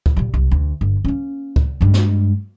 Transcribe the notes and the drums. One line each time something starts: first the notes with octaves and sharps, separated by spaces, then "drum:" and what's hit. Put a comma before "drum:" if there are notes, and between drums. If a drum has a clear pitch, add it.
drum: kick C#2
A#2 G3
C2
D2
G1
A#3 C#4
drum: kick C#2
G2 G#3
drum: snare